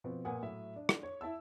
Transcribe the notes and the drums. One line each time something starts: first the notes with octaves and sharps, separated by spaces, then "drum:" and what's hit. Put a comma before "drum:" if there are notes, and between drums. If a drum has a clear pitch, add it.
B2 F3 C4
A#2 B3 F#5 G#5 D#6
A2 F#3 E5
D4
drum: rim click
C#5
E4 E5 A5 E6